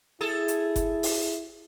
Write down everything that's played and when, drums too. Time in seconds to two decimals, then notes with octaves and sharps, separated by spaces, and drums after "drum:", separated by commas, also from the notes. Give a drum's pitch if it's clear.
0.21 E4 G#4 A4
0.48 drum: hi-hat
0.76 drum: kick F#1, hi-hat
1.03 drum: open hi-hat